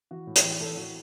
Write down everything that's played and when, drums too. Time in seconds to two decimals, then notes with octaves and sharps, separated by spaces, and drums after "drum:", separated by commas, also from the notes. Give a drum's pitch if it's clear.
0.11 E3 F#4
0.27 A2
0.36 G4, drum: hi-hat
0.44 E3
0.51 G4
0.60 A2 A4
0.77 E3 F#4